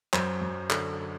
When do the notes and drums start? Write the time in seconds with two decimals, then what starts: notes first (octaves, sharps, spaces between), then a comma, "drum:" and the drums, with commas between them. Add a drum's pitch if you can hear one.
0.13 F#2 C5, drum: clap
0.41 F#2
0.70 D3, drum: clap